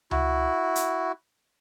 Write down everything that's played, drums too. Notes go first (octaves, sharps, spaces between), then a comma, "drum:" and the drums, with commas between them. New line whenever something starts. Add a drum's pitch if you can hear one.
E4 F#4, drum: tom C#2
drum: hi-hat